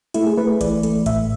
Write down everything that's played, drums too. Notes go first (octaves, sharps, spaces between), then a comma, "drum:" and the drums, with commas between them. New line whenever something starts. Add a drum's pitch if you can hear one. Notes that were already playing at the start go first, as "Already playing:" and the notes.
A3 E4, drum: hi-hat
G#4
A3 B4
B4
E3 D5, drum: kick G#1, hi-hat
A3, drum: hi-hat
A2 E5, drum: kick G#1, hi-hat